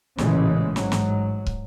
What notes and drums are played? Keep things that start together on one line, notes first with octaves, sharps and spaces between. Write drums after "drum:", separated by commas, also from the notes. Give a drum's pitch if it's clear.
A1 A#2 C#3 E3 G#3, drum: snare
G#2 F#3, drum: snare
drum: snare
drum: kick